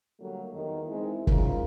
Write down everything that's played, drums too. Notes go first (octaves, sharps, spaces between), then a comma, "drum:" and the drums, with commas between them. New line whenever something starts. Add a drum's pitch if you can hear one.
D3 F#3 G3 A3 A#3
E2 D#3
E3 G#3 C4 D#4 E4
G#2 C#3 F4 A#4, drum: kick